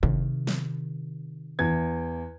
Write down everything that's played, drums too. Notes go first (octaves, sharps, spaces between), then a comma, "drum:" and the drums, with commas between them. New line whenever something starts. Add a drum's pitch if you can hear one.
C3 D#3, drum: kick
drum: snare
E2 G#6